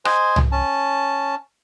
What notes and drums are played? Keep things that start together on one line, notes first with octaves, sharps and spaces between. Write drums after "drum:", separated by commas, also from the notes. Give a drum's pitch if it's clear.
C5 D#5 G#5, drum: rim click
drum: tom C2
C#4 A5